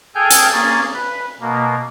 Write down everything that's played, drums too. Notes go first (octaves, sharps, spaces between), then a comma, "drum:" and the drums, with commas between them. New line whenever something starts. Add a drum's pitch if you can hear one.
G#4 A4 G5 G#5 F6 G6
drum: hi-hat
A#3 C#4 G#4 A6
B4
B2 A#3